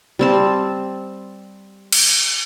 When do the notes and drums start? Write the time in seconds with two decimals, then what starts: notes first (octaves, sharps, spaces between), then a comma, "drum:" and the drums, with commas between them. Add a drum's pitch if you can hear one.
0.19 G3 C4 A5
1.92 drum: cymbal